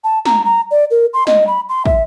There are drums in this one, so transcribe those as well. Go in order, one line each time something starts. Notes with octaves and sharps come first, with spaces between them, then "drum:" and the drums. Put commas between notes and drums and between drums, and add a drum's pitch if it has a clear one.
A5
A#5, drum: snare
A#5
D5
A#4
C6
D#5, drum: snare
B5
C6
E5, drum: kick